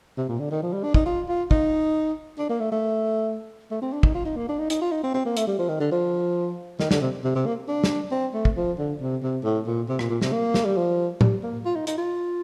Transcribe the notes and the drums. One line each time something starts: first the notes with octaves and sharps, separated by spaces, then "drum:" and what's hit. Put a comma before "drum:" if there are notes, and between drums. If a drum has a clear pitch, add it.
C3
A#2
D3
D#3
F3
G3
D4
D#4, drum: kick
F4
F4
D#4, drum: kick
D4
A#3
A3
A3
A3
C4
D4
D#4, drum: kick
F4
D#4
A#3
D4
D#4
D#4, drum: hi-hat
F4
D#4
C4
C4
A#3
A3, drum: hi-hat
G3
F3
D#3
D3
F3
D#3, drum: snare
D3, drum: snare
C3
C3
C3
A#3
D4
drum: snare
C4
A3
drum: kick
F3
D3
C3
C3
A2
A#2
C3
A#2, drum: rim click
A#2
C3, drum: snare
A#3
drum: snare
G3
F3
G3, drum: tom A2
A#3
F4
D#4
D#4, drum: hi-hat
F4